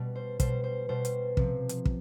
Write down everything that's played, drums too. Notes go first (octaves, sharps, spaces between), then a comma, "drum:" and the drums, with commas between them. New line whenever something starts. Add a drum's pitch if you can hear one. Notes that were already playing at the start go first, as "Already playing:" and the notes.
Already playing: B2 G3
C5
B2 G3 C5, drum: kick, hi-hat
C5
B2 G3 C5
drum: hi-hat
C3 F3, drum: kick
drum: hi-hat
drum: kick